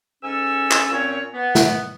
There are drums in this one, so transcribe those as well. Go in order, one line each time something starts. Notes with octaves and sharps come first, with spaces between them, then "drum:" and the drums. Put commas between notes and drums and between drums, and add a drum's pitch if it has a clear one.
G#2 C#4 A4 G#5 E6
drum: clap
A#2 C4 C#4 C#5
B3
drum: snare